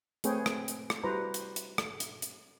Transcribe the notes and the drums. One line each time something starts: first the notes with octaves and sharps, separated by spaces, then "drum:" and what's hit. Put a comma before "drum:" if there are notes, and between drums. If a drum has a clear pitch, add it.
A3 C4 G#4 B4 C#5 G5, drum: hi-hat
drum: rim click
drum: hi-hat
drum: rim click
G3 E4 F#4 B4 C5 A#5
drum: hi-hat
drum: hi-hat
drum: rim click
drum: hi-hat
drum: hi-hat